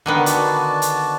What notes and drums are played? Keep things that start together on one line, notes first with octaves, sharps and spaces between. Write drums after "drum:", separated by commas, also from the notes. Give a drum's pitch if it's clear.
D3 D#3 B3
F#4 D5 A5, drum: hi-hat
drum: hi-hat